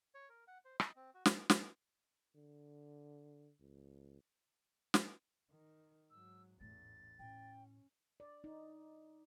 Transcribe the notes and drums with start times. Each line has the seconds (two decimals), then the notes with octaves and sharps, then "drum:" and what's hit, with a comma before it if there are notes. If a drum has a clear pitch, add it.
0.14 C#5
0.29 A#4
0.48 F#5
0.65 C5
0.80 D#5, drum: rim click
0.96 C4
1.14 F#4
1.26 drum: snare
1.50 drum: snare
2.35 D3
3.60 C#2
4.94 drum: snare
5.51 D#3
6.10 G#2 F#3 E6
6.61 A1 E2 G#2 A3 A6
7.19 A2 C#4 G5
8.20 D5
8.44 D#4